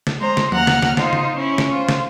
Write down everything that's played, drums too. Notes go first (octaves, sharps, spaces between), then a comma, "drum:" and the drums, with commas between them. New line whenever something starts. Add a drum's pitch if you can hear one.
drum: snare
G#3 C5 A#5
drum: snare
D#2 F#5 A#5 F6, drum: tom F3
drum: snare
drum: snare
D#4 F4 C5, drum: snare
drum: tom C#3
C#4 E4
drum: snare
F4 C5
drum: snare